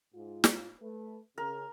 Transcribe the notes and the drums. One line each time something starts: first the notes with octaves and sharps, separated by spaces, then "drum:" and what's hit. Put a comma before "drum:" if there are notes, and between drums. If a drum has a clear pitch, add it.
G#2 F4
drum: snare
A3 B4
C#3 A#4